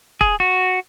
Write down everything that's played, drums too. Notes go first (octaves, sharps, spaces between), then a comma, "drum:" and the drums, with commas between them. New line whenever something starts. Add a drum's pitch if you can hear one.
G#4, drum: kick
F#4